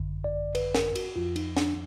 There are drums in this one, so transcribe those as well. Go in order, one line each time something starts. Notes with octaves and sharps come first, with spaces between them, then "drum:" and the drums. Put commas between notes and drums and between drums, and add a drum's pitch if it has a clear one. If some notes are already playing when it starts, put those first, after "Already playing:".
Already playing: G#1 F#2 D3
D5
B4, drum: cymbal
A#4, drum: snare
F#4, drum: cymbal
F2 F3 F4
D#4, drum: cymbal
D4, drum: snare